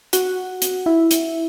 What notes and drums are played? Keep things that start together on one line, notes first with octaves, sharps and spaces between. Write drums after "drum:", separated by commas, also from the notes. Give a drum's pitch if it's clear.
F#4 F#5, drum: hi-hat
drum: hi-hat
E4 E5
drum: hi-hat